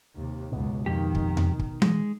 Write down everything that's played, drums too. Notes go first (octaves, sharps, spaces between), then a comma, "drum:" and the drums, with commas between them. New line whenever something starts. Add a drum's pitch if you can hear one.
D#2 C3
C#2 F#2 B2
F2 D#3 G4
drum: kick
drum: tom E2
drum: kick
G#3, drum: tom E3